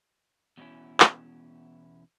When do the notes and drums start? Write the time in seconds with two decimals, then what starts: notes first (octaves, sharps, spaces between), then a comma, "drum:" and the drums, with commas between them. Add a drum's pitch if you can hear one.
0.57 E2 B2 G3 C#4 E4
1.00 drum: clap